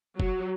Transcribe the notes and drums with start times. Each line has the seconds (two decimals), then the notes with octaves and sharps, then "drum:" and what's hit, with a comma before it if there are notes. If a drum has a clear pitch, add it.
0.20 F#3, drum: kick